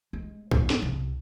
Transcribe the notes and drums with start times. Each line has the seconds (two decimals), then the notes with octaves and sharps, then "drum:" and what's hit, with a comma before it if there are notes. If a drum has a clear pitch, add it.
0.13 G#3
0.51 G#2 B3, drum: kick A#1
0.70 drum: snare
0.82 C2